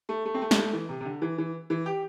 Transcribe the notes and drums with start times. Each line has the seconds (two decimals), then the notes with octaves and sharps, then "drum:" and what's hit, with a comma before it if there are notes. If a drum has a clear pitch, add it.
0.09 A3
0.25 A3
0.34 C4
0.42 A3
0.51 G3, drum: snare
0.57 A3
0.73 E3
0.89 C3
1.01 C3
1.05 D3
1.22 E3
1.38 E3
1.70 E3
1.86 G4